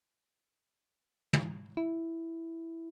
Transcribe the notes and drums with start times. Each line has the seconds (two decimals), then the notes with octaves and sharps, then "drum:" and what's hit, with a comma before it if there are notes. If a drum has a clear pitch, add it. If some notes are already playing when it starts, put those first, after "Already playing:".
1.33 drum: tom
1.77 E4